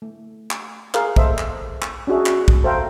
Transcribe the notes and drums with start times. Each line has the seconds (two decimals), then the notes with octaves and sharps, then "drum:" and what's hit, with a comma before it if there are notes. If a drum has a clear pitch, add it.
0.02 A3
0.51 drum: clap
0.94 G#4 A#4 F5, drum: clap
1.16 A4 C5 D#5 E5, drum: kick
1.38 drum: clap
1.82 drum: clap
2.07 C#4 D4 F#4 G#4 E5
2.26 drum: clap
2.48 drum: kick
2.64 A4 C5 E5 F5 G5 A#5